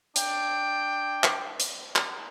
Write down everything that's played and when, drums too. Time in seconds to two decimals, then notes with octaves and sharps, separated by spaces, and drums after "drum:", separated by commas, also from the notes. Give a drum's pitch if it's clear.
0.16 D4 G5, drum: hi-hat
1.24 drum: clap
1.60 drum: hi-hat
1.96 drum: clap